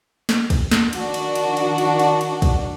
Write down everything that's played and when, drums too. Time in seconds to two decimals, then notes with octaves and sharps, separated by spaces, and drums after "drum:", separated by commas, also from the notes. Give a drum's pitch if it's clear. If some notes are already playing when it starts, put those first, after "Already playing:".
0.29 drum: snare
0.50 drum: kick, cymbal
0.71 drum: snare
0.93 D#3 D4 F#4, drum: cymbal
1.14 drum: cymbal
1.35 drum: cymbal
1.57 drum: cymbal
1.78 drum: cymbal
1.99 drum: cymbal
2.21 drum: cymbal
2.42 drum: kick, cymbal